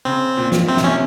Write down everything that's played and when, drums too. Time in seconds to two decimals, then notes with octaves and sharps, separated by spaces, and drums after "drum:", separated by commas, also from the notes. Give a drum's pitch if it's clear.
0.05 C#3 C4
0.37 A#2
0.52 drum: snare
0.68 C3 C4
0.77 A#2, drum: snare
0.84 C3 C#4